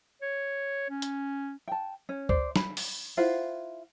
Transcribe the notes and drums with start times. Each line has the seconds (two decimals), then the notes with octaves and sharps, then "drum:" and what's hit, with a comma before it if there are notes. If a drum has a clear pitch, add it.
0.22 C#5
0.90 C#4
1.02 drum: hi-hat
1.68 G5 A5
2.09 C#4
2.29 C5 D5, drum: kick C#2
2.56 B5, drum: snare
2.77 drum: open hi-hat
3.17 E4 F4 C5 F#5